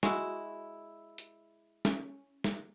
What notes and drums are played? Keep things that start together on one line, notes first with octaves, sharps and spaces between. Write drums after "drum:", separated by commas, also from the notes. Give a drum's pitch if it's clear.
G#3 E4 F#4, drum: snare
drum: hi-hat
C#4, drum: snare
drum: snare